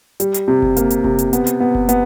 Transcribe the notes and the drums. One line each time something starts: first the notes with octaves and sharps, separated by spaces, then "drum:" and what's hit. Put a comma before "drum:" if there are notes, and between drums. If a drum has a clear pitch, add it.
G3, drum: hi-hat
drum: hi-hat
C3
drum: kick F#1
A#3, drum: hi-hat
drum: hi-hat
C3, drum: kick F#1
drum: hi-hat
B3, drum: hi-hat
drum: hi-hat
B3
drum: kick F#1
B3, drum: hi-hat